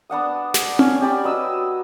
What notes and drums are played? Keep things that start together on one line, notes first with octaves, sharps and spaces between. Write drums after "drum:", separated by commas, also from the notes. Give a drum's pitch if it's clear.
B3 D4 F#5 D#6
drum: snare
C#4, drum: tom C4
G4 D5 B5
F#3 B4 D#5 E6